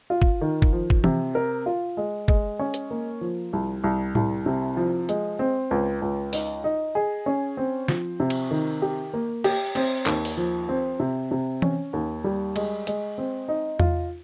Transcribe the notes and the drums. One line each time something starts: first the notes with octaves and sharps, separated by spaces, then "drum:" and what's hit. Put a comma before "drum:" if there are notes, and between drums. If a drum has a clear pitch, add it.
F4
drum: kick
D#3
drum: kick
F3
drum: kick
C3, drum: tom E3
A#4
F4
G#3
G#3, drum: kick
C#4
drum: hi-hat
A#3
F3
C2
C2
C2, drum: tom A2
C3
F3
G#3, drum: hi-hat
C4
C#2
C#2
D#4, drum: open hi-hat
D#4
G#4
C#4
C4
F3, drum: snare
C3
drum: cymbal
D#3
G4
A#3
G4, drum: cymbal
C4, drum: cymbal
D#2, drum: clap
drum: open hi-hat
F3
C4
C3
C3
C#4, drum: tom E3
D#2
G3
G#3, drum: cymbal
G#3, drum: hi-hat
C4
D#4
F4, drum: tom E2